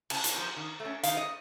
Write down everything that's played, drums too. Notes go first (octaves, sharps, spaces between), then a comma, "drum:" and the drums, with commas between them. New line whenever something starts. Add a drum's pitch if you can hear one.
C#3 A5, drum: cymbal
drum: hi-hat
F3 C4
D#3
A3
C#4
D#3 F5, drum: hi-hat
D#5